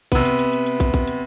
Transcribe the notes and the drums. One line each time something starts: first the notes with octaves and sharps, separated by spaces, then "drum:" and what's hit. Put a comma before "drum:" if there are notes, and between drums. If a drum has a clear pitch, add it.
C3 B3, drum: kick, hi-hat
drum: hi-hat
drum: hi-hat
drum: hi-hat
drum: hi-hat
drum: kick, hi-hat
drum: kick, hi-hat
drum: hi-hat